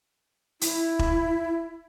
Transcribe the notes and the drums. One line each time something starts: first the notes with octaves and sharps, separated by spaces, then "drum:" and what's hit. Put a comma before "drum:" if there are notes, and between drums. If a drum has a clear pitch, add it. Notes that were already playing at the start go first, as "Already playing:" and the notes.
E4, drum: hi-hat
drum: kick E1